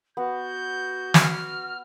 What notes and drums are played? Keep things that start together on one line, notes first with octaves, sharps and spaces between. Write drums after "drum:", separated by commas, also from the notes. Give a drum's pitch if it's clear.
B3 F#4 G6
F6, drum: snare